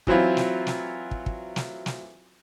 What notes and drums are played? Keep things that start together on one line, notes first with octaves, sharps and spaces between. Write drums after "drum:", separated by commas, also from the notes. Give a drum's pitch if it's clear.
E3 F#3 C4 E4 F4, drum: kick
drum: snare
drum: snare
drum: kick
drum: kick
drum: snare
drum: snare